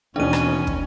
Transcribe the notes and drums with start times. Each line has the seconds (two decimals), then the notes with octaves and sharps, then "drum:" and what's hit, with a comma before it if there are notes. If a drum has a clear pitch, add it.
0.16 D#2 B2 E3 C#4 D4 D5 D#7
0.33 drum: rim click
0.67 drum: kick